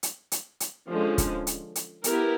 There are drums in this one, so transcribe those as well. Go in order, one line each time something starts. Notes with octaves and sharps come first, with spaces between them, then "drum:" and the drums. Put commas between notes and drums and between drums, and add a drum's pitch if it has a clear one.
drum: hi-hat
drum: hi-hat
drum: hi-hat
D3 F3 G#3 C#4
drum: kick, hi-hat
drum: hi-hat
drum: hi-hat
B3 E4 G4 A#4, drum: hi-hat